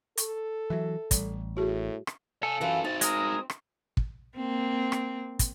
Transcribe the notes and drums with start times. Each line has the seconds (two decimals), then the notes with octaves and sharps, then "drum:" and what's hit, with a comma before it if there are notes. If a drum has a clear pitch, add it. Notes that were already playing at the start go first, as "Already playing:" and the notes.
0.17 A4 C#6, drum: hi-hat
0.70 E3 F#3 E5
1.11 A1 G3, drum: kick, hi-hat
1.57 A2 F#4 G#4
2.07 drum: rim click
2.43 A4 F5 G#5
2.61 E3 C#4 F4 F#4
2.85 C4 D#4 F#4 A6
3.01 G#3 A#4 D#6, drum: hi-hat
3.50 drum: rim click
3.97 drum: kick
4.36 A#3 C4
4.92 drum: rim click
5.39 drum: kick, hi-hat